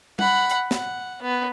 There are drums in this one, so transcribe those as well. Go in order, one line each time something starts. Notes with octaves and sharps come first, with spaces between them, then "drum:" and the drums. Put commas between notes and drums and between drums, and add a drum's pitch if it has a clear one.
F#5 B5, drum: tom
drum: hi-hat
F#5, drum: snare
B3